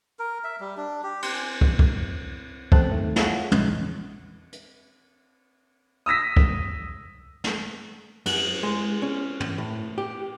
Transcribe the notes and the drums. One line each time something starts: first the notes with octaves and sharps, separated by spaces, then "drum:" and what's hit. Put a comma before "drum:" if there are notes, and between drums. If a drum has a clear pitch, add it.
A#4
E5
G3
D4
G4
C6, drum: cymbal
G#5
drum: kick
drum: kick
F#2 C4 A4 A5 F#6, drum: kick
D#3 A3
E4 F4 G#4 C#5 E5 F#5, drum: snare
A#1 C#3 D#4, drum: tom
E2
drum: hi-hat
D#6 E6 A#6 B6
drum: kick
drum: snare
F#2, drum: cymbal
G#3
C#4
drum: tom
A2
G4